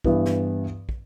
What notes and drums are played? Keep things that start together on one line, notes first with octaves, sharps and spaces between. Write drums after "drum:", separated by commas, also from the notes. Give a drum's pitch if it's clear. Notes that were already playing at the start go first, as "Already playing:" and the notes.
G2 E3 B3 E4, drum: kick
drum: snare
drum: kick